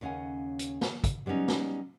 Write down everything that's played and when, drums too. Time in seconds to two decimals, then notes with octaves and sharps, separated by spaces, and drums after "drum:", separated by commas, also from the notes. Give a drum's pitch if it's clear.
0.01 D#2 C#3 C#4 F5 F#5 G#5
0.59 drum: hi-hat
0.81 drum: snare
1.04 drum: kick, hi-hat
1.26 F#3 G3 B3 C#4 D#4
1.48 drum: snare